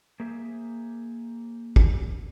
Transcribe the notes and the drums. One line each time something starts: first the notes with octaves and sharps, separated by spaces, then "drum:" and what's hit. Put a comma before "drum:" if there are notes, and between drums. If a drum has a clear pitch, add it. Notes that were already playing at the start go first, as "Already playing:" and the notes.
A#3 G#4 C5 E5
drum: kick